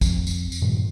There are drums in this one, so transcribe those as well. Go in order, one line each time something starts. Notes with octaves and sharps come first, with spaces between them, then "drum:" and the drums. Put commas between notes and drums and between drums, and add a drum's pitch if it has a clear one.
F2, drum: kick, tambourine
drum: tambourine
drum: tambourine
G2 A#2 D#3 G3